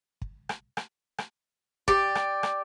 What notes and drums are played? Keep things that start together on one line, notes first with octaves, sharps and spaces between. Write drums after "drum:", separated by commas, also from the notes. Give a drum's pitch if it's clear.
drum: kick
drum: rim click
drum: rim click
drum: rim click
G4 D5, drum: kick
drum: rim click
drum: rim click